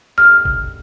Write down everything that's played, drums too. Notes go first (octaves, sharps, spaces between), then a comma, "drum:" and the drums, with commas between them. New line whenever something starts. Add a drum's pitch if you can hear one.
F6
drum: kick